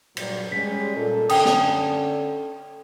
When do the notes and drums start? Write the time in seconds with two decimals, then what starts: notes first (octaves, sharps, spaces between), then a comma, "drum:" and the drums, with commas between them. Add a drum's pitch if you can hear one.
0.17 G2 A#2 F#3, drum: cymbal
0.52 G3 G#3 C#4 B6
0.96 A#2 A4
1.29 D3 C#4 A4 G5 D#6, drum: cymbal
1.45 drum: snare